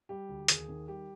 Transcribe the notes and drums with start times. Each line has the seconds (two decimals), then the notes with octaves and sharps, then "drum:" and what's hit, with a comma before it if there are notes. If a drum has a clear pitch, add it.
0.09 G3 G4
0.29 D2
0.48 D#2 G#4, drum: hi-hat
0.68 D#3
0.87 G3 G4